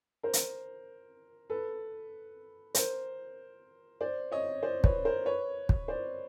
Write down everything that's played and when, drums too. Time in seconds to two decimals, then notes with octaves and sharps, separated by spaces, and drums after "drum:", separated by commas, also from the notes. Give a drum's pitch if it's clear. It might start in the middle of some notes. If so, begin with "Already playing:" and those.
0.23 A#4 C5
0.33 drum: hi-hat
1.50 A4 B4
2.75 A#4 C5, drum: hi-hat
4.01 C5 D5
4.32 C#5 D#5
4.63 C5 D5
4.84 B4 C#5, drum: kick
5.05 A#4 C5
5.26 B4 C#5
5.69 drum: kick
5.88 C5 D5